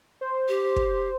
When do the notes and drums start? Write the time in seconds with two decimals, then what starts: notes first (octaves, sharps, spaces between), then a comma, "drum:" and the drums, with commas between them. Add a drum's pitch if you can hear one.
0.21 C5
0.48 G4
0.76 drum: kick